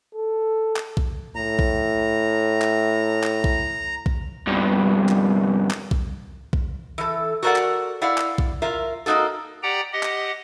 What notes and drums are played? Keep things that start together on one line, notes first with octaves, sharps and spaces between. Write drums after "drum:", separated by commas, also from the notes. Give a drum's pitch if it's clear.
A4
drum: clap
drum: kick
A2 A#5
drum: kick
drum: clap
drum: clap
drum: kick
drum: kick
E2 G2
drum: clap
drum: clap
drum: kick
drum: kick
E3 A4
F#4 A4 A#4 C#5 D5 F#5
drum: clap
E4 D5 F5 F#5
drum: clap
drum: kick
F4 A#4 E5
A#3 B3 D#4 F#4 A4
G4 D5 F#5 G5 A#5
G4 D#5 F#5
drum: clap